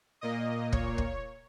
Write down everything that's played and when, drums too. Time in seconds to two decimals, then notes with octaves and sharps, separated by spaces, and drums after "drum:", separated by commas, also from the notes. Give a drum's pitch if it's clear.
0.21 A#2 A#3 D#5
0.73 C#5, drum: kick
0.98 drum: kick